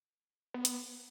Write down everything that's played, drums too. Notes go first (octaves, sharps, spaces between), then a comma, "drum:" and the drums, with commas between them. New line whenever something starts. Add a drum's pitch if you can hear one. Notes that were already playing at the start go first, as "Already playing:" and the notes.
B3
drum: hi-hat